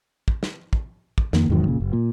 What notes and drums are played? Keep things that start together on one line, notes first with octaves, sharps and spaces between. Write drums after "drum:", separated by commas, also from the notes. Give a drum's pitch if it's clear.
drum: kick
drum: snare
drum: kick
drum: kick
F2 D#3 A#3, drum: snare
E2 G#2 D#3 F#3
F1 A#2 C#3
F#1
A#2